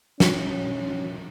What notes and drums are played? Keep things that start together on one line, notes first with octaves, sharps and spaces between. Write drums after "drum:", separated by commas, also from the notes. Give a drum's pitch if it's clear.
C#4, drum: snare